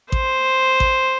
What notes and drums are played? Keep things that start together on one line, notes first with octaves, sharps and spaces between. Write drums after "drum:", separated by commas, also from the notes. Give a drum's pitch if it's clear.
C5, drum: kick A1
drum: kick A1